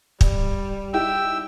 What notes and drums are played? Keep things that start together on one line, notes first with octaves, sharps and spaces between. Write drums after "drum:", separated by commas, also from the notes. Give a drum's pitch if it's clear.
G3, drum: kick
D#4 E4 G4 G5 E6